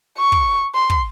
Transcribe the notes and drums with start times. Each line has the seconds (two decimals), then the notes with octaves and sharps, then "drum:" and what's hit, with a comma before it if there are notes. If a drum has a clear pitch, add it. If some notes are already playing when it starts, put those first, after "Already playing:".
0.18 C#6
0.32 drum: kick
0.75 C6
0.90 drum: kick